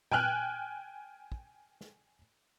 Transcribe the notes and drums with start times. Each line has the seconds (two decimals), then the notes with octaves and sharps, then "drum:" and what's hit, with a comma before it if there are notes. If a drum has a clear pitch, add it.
0.11 G5 G#5 F6 F#6, drum: tom A#2
1.32 drum: kick
1.81 drum: snare